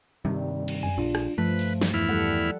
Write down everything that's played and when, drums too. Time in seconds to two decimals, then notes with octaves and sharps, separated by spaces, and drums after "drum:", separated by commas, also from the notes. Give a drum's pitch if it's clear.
0.25 G2 C3 D#3 G3
0.68 drum: cymbal
0.83 F#2 G#5
0.98 A#1 D4 F4
1.15 drum: rim click
1.38 G2 F3 A3 B4
1.59 drum: open hi-hat
1.81 drum: snare
1.94 E2 E4 F6
2.09 G3 A4 F#5